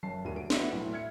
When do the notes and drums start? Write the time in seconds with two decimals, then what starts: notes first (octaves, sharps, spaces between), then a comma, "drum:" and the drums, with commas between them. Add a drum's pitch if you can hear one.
0.03 F#1 C#4 A5 C7
0.24 D#1 D2 G2 F3 A#3 D#7
0.36 D7
0.50 F#4 B4 D5 E5 C6, drum: snare
0.72 B1 A2
0.91 E5 F6 G#6 C#7